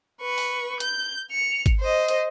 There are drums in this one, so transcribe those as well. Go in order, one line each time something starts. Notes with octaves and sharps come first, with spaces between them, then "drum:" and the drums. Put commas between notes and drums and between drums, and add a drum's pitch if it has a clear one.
B4 C#6
drum: open hi-hat
G6, drum: hi-hat
C#7 F7
drum: kick, hi-hat
C5 D#5
drum: hi-hat